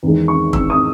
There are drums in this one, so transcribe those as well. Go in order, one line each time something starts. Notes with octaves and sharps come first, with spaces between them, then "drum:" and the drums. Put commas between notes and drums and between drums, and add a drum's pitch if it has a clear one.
E2 D#3 G#3
C#6
E6, drum: kick
D#6